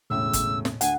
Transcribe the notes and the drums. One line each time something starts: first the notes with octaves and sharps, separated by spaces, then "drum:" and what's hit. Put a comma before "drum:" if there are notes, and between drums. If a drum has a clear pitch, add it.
E1 A2 C#3 E6
drum: kick, hi-hat
drum: snare
D2 F#5 G#5, drum: hi-hat